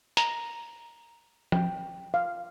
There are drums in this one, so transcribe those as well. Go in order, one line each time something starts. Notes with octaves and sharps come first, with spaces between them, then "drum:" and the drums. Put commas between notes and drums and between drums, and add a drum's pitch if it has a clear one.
A#5, drum: hi-hat
G5, drum: tom F3
F5